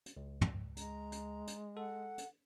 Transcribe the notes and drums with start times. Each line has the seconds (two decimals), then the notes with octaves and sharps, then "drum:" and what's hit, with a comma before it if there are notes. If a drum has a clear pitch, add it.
0.06 drum: hi-hat
0.17 C#2
0.41 drum: tom
0.77 G#3 A#5, drum: hi-hat
1.12 drum: hi-hat
1.47 drum: hi-hat
1.77 A4 F#5
2.18 drum: hi-hat